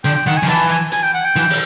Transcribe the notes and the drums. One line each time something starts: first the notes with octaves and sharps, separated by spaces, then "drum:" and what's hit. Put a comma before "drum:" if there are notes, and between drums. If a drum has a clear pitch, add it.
D3 G5, drum: hi-hat
G5
D#3 F#5
G#5
D#3
E3 A5, drum: hi-hat
G#5
G#5, drum: hi-hat
G5
F#5
G5
E3, drum: hi-hat
drum: open hi-hat